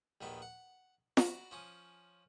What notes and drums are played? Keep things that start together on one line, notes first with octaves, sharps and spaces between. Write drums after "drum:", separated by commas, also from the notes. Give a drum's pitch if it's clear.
A#1 D#2 D#3 B3 B5
F#5
F#4 D5 A#5 B5, drum: snare
F3 C#4 D#6